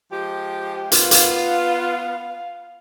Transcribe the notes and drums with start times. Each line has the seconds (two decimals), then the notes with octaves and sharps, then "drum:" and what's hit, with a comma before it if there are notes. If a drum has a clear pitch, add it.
0.12 F3 G#3 G4
0.92 B3 F4 F5, drum: hi-hat
1.11 drum: hi-hat